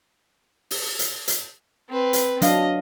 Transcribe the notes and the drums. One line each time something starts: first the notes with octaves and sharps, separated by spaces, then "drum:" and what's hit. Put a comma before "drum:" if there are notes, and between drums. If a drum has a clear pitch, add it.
drum: open hi-hat
drum: hi-hat
drum: hi-hat
C4 B4
drum: hi-hat
F#3 D4 D#5 F5, drum: hi-hat